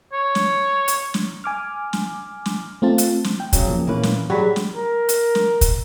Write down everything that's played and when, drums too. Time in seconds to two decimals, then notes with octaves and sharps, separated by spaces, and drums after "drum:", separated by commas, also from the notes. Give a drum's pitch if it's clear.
0.13 C#5
0.35 drum: snare
0.88 drum: hi-hat
1.14 drum: snare
1.44 G#5 D6 F6
1.93 drum: snare
2.46 drum: snare
2.82 A3 C4 F4 A5
2.98 drum: hi-hat
3.24 drum: snare
3.40 G5
3.53 C#3 F#3, drum: kick, hi-hat
3.68 F3 A#3
3.87 A#2 E3 A#3 C#4 B4
4.03 drum: snare
4.30 F#3 G3 G4 G#4 C#5 F#5 B5
4.56 drum: snare
4.76 A#4
5.09 drum: hi-hat
5.35 drum: snare
5.61 drum: kick, hi-hat